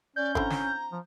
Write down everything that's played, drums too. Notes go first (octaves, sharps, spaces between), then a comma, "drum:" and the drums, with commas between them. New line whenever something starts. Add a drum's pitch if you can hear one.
C#4 D5 G6
D3 C4 E4 A#5, drum: kick G1
drum: snare
F3